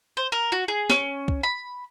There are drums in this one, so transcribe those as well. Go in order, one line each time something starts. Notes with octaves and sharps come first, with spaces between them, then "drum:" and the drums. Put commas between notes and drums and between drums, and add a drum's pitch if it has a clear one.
C5
A#4
F#4
G#4
C#4, drum: snare
drum: kick C#2
B5